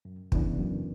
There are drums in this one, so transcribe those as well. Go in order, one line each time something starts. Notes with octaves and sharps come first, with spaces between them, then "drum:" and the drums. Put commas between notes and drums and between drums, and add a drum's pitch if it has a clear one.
F#2
C#3 E3 B3 D4, drum: kick
F#2